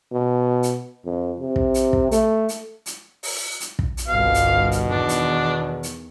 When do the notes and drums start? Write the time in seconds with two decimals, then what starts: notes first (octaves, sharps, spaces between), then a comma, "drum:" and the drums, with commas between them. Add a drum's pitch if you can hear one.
0.12 B2
0.63 drum: hi-hat
1.05 F2
1.40 C3
1.56 drum: kick
1.74 drum: hi-hat
1.93 drum: kick
2.11 A3, drum: hi-hat
2.49 drum: hi-hat
2.86 drum: hi-hat
3.23 drum: open hi-hat
3.60 drum: hi-hat
3.79 drum: kick
3.97 drum: hi-hat
4.08 G1 C2 B2 F5
4.34 drum: hi-hat
4.72 drum: hi-hat
4.90 E2 D#3 D4
5.09 drum: hi-hat
5.83 drum: hi-hat